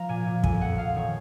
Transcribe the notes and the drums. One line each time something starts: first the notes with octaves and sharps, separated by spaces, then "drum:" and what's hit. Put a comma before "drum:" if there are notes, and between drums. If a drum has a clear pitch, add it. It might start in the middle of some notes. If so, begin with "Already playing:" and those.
Already playing: F3 A#5
A#2 G#5
A#2
F2 G#5, drum: kick
F2 F#5
F2 F5
D#3 C#5